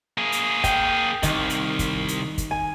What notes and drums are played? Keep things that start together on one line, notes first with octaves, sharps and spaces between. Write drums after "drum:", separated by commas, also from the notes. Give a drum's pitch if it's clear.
A#3 G#4
drum: hi-hat
G5, drum: kick, hi-hat
C2 D#3, drum: kick, hi-hat
drum: hi-hat
drum: kick, hi-hat
drum: hi-hat
drum: kick, hi-hat
G#5